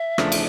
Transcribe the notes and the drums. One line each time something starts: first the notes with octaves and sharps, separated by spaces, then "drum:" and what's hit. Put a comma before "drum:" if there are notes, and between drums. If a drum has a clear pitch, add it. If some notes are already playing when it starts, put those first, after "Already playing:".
Already playing: E5
E2 C#3 F3 A3 D4, drum: rim click
drum: cymbal